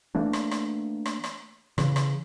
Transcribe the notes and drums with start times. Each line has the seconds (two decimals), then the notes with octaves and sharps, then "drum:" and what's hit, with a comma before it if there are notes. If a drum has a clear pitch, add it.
0.15 E3 A3 A#3 D4
0.33 drum: rim click
0.51 drum: rim click
1.06 drum: rim click
1.24 drum: rim click
1.78 C#3 E3, drum: rim click
1.96 drum: rim click